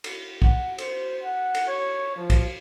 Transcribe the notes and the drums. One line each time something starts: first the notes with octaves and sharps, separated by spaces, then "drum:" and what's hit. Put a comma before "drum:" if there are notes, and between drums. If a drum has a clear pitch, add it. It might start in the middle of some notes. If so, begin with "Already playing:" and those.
drum: cymbal
F#5, drum: kick
C5, drum: cymbal
F#5
drum: cymbal
C#5
F3
drum: kick, cymbal